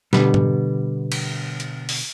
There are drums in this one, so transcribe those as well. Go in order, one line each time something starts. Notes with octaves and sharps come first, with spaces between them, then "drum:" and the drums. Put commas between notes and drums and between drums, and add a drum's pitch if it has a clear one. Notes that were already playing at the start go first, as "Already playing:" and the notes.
B2 D3 G3 B3, drum: snare
drum: tom G#2
drum: cymbal
drum: hi-hat
drum: open hi-hat